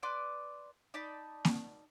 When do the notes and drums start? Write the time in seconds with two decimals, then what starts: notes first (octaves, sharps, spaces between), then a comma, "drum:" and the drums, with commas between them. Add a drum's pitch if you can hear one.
0.03 B4 D5 C6 D6
0.94 D#4 D5 A5 B5
1.45 drum: snare A#3